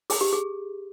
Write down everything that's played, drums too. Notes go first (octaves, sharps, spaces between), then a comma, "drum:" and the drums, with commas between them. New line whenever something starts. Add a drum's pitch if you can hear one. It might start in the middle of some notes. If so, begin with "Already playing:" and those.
G#4, drum: open hi-hat
G4
G#4